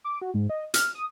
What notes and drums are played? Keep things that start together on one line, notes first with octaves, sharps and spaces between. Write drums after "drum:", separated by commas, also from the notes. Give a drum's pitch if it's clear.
D6
F#4
G#2
D#5
F6, drum: hi-hat
D#6